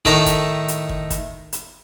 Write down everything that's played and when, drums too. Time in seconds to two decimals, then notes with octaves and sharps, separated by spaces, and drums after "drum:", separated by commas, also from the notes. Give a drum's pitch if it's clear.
0.05 A2 D#3 A3 D#5 E5 A#5, drum: kick
0.26 drum: kick, hi-hat
0.68 drum: hi-hat
0.89 drum: kick
1.10 drum: kick, hi-hat
1.53 drum: hi-hat